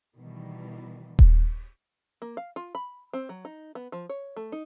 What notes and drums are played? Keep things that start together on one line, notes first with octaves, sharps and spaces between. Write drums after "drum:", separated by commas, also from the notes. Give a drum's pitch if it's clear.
B2 D#3 E3 G3
drum: kick D#1
A#3
F5
F4
B5
C4
F#3
D#4
B3
F3
C#5
A3
D#4